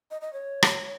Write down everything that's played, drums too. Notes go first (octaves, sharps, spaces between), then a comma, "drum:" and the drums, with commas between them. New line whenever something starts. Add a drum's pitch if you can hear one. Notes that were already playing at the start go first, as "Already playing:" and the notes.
D#5
D#5
C#5
drum: rim click